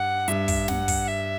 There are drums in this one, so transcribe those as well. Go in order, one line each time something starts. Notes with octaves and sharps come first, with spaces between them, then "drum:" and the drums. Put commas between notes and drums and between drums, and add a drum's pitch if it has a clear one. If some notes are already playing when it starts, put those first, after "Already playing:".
Already playing: G2 F#5
G2 E5, drum: hi-hat
drum: kick, open hi-hat
F#5, drum: snare
drum: kick, open hi-hat
E5